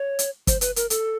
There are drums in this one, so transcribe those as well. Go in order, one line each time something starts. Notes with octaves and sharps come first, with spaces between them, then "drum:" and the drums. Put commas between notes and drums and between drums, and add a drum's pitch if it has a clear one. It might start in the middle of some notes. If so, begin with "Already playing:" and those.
Already playing: C#5
drum: hi-hat
C5, drum: kick, hi-hat
B4, drum: hi-hat
A#4, drum: hi-hat
A4, drum: hi-hat